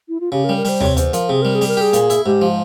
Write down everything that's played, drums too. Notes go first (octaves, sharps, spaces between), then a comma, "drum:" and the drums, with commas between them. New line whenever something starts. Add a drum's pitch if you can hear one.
E4
F4
C#3 G4
A#4
G3
A#4
G3 C5, drum: open hi-hat
C3 C#5, drum: tom D#2
E2 C5, drum: hi-hat
F3 A#4, drum: hi-hat
C3 G#4
G3 A#4
G#4
G3, drum: open hi-hat
A#4
G4 G#4
A#2, drum: hi-hat
E4, drum: hi-hat
G#2 G4
F3